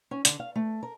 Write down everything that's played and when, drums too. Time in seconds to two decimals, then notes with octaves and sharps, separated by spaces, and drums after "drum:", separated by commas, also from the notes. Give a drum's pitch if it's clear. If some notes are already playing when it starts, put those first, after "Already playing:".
0.11 C#4
0.25 D3, drum: hi-hat
0.40 F5
0.56 A3
0.83 A#4